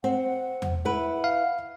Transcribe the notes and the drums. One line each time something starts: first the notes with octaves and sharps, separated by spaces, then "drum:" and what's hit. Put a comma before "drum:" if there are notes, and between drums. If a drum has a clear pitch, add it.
C4 F#5
drum: tom E2
E4 B4 F#5
F5